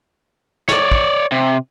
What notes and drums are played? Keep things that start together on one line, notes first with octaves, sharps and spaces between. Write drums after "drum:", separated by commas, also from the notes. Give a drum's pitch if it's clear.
C#5 D5, drum: snare
drum: kick
C3